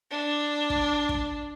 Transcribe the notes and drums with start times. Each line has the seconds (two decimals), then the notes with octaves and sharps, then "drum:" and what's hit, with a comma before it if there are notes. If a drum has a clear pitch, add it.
0.11 D4
0.70 drum: kick
1.09 drum: kick